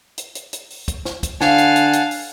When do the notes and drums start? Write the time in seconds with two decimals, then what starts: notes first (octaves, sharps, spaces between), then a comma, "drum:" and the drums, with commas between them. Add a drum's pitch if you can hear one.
0.18 drum: hi-hat
0.35 drum: hi-hat
0.53 drum: hi-hat
0.70 drum: open hi-hat
0.88 drum: kick, hi-hat
1.05 drum: snare
1.23 drum: kick, hi-hat
1.41 D3 F5 F#5 G#5 A5, drum: snare
1.58 drum: hi-hat
1.76 drum: hi-hat
1.93 drum: hi-hat
2.11 drum: open hi-hat